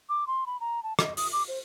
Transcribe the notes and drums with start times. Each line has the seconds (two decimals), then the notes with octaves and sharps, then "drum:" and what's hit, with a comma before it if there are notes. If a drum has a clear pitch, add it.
0.09 D6
0.27 C6
0.46 B5
0.60 A#5
0.83 A5
0.99 D#5, drum: rim click
1.17 D#6, drum: open hi-hat
1.33 D6
1.48 C5